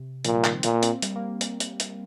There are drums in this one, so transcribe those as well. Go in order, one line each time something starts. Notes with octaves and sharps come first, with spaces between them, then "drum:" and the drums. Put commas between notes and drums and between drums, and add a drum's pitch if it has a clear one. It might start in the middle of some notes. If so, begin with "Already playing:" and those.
Already playing: C3
A#2 F3, drum: hi-hat
G3
D#3, drum: clap
C4
A#2 A#3, drum: hi-hat
A#3
C4, drum: hi-hat
A#3
G3, drum: hi-hat
A#3
drum: hi-hat
drum: hi-hat
drum: hi-hat